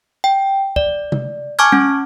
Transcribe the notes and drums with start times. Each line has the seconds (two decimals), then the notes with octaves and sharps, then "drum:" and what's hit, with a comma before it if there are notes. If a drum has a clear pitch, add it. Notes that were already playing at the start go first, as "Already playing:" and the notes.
0.24 G5
0.76 D5, drum: kick
1.12 drum: tom
1.59 G#5 A5 C#6 D6 F6 G#6
1.72 C#4, drum: tom